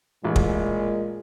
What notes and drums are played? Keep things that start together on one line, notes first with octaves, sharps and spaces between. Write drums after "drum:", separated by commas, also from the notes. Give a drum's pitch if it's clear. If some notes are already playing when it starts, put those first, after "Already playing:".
A1 A#2 G#3
drum: kick